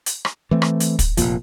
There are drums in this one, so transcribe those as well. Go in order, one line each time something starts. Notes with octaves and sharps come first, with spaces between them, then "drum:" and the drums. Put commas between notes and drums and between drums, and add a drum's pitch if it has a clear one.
drum: hi-hat
drum: rim click
E3 A3 C4
drum: rim click
drum: hi-hat
drum: kick, hi-hat
F1 B1 A#2 F3, drum: hi-hat